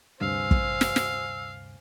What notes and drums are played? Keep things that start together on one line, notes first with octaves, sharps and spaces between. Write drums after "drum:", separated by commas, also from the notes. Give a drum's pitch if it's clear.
D2 G2 C3 C5 F5 G#5 E6
drum: kick
drum: snare
drum: snare